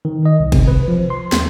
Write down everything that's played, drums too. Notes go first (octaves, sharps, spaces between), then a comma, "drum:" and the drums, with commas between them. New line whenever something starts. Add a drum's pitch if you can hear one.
D#3
D#5
C2
C3, drum: kick, cymbal
B4
F3
C6
D#2, drum: snare